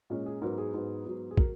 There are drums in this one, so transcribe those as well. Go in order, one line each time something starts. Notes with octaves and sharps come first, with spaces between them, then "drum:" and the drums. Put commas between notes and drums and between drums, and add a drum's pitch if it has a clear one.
A#2 G#3 C#4
G#4
G#2 F#3 B3 A#4
G#4
G#2 F#3 B3
G#2 F#3 B3
G#4
F#3 A#4, drum: kick